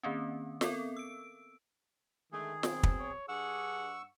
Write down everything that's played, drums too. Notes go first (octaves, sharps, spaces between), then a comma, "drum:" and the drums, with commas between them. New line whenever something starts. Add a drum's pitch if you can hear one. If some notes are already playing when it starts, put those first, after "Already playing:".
D#3 A#3 C4 C#4
B3 C4 A4 A#4, drum: snare
E6 D7
D3 D#3 G#3 A3 G#4
B2 F#3 C4, drum: snare
drum: kick
C#5
G2 D4 G#4 F#5 C#6 E6